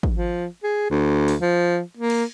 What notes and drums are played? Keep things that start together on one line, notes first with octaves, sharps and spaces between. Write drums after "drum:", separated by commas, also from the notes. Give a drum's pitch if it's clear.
drum: kick
F3
G#4
D2
drum: open hi-hat
F3
A#3
drum: cymbal